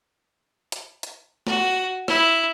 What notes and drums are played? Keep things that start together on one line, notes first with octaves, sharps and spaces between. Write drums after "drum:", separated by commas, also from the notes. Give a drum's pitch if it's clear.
drum: hi-hat
drum: hi-hat
F#4, drum: snare
E4, drum: rim click